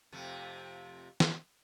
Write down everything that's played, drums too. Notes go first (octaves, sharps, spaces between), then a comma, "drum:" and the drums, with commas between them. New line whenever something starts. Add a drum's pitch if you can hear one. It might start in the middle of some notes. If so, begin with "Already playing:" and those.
F2 C3 A3
drum: snare